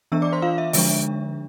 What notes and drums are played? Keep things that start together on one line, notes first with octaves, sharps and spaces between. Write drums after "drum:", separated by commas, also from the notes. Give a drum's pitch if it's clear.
E3 B3 D4 E5 E6
D5 D6
C5 C6
F4 F5
E5
D3 F3 G#3 D4 E5, drum: open hi-hat